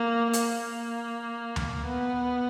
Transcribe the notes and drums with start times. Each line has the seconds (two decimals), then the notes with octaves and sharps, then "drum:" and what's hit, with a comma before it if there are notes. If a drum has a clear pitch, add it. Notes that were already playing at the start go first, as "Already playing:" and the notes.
Already playing: A#3
0.34 A#3, drum: hi-hat
1.56 drum: tom D2
1.86 B3